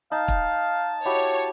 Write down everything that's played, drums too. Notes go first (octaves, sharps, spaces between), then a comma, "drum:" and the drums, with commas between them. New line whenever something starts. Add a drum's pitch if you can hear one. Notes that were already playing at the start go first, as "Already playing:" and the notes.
D#4 F5 A5
drum: kick
E4 F#4 G4 C#5